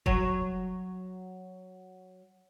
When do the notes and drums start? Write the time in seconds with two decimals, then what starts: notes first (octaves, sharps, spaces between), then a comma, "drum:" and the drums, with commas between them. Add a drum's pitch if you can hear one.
0.06 F#3 C#5, drum: kick F1